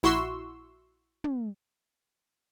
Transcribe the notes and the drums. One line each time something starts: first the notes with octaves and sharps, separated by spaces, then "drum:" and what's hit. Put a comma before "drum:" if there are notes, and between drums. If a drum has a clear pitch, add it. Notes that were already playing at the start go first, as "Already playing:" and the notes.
A#1 E4 F#4 C6 C#6 E6, drum: open hi-hat
drum: tom